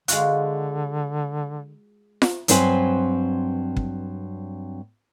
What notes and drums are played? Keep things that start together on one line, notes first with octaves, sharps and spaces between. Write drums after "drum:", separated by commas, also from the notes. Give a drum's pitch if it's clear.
D3 G#3 F4 F#4, drum: hi-hat
drum: snare F4
G2 F#3 C4 B4 C5 G#5, drum: hi-hat
drum: kick